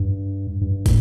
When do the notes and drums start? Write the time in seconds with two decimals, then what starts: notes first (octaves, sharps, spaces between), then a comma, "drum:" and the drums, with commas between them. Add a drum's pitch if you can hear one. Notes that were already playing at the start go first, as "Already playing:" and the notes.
Already playing: G2
0.61 G2
0.86 A2, drum: kick, hi-hat